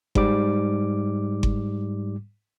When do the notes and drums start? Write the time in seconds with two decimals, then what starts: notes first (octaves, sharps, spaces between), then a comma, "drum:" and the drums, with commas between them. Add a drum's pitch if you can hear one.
0.15 G#2 G3 D6, drum: kick G1
1.43 drum: kick G1